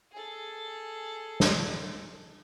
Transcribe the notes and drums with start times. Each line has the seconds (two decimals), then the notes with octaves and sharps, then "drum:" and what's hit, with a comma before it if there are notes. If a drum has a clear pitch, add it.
0.12 G#4 A4
1.40 drum: snare